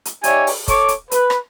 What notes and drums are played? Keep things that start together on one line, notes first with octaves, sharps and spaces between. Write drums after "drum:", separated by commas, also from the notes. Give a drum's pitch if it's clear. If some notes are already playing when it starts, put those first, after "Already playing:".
drum: hi-hat
D#4 G4 C#5 D5 E5 G#5, drum: hi-hat
drum: open hi-hat
A4 C#5 C#6 D6, drum: kick, hi-hat
drum: hi-hat
B4, drum: hi-hat
drum: rim click